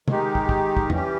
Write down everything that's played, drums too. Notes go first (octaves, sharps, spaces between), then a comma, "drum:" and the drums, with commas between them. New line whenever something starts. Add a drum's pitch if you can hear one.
D#3 G#3 D#4 G4, drum: tom C3
drum: kick
drum: kick
drum: kick
E3 G3 C#4 G4, drum: tom E2